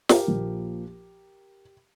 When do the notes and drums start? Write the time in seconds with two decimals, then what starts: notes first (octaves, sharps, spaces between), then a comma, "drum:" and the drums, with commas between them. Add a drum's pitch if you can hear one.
0.09 G4 A#4, drum: snare
0.27 A#1 A#2 F3 A#3